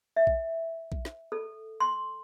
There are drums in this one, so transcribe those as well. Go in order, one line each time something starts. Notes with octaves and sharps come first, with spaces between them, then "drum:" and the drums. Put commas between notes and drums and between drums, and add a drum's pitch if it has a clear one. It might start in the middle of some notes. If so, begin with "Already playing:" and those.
E5
drum: kick A#1
drum: kick A#1
drum: snare
A4
C6